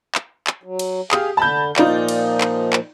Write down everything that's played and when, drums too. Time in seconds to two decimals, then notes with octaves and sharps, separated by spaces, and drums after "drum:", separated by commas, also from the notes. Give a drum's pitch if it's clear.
0.15 drum: clap
0.47 drum: clap
0.63 F#3
0.79 drum: cymbal
1.11 G4 G#4 F5 D#6, drum: clap
1.37 D3 A5 B5 G6
1.76 A#2 F3 D#4 F4 D5, drum: clap
2.08 drum: cymbal
2.41 drum: clap
2.73 drum: clap